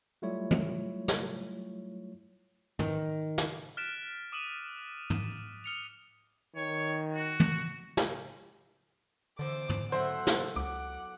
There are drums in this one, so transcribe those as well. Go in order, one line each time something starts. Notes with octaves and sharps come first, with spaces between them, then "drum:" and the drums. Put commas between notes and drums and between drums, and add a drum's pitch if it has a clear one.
F#3 G3 A3 E4 F4 C#5
drum: tom
drum: snare
D#3, drum: tom
drum: snare
F6 F#6 A6 B6 D7 E7
D6 D#6 D#7 E7 F#7
drum: tom
D#6 F6 C#7 F7
D#3 C#5
F#4
drum: tom
drum: snare
E2 D3 C5 D5 D6
drum: tom
F#3 A3 E4 C5 F#5
drum: snare
C#2 F#5 D6